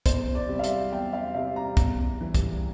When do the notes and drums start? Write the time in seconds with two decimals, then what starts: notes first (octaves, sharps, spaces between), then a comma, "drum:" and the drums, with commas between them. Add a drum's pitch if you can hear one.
0.06 E2 C5, drum: kick, hi-hat
0.35 D5
0.48 C3 G3
0.59 F5
0.64 E5, drum: hi-hat
0.92 E2 G5
1.13 F5
1.35 C3 G3 F5
1.56 A#5
1.77 E2, drum: kick, hi-hat
2.21 E3 G3
2.35 drum: kick, hi-hat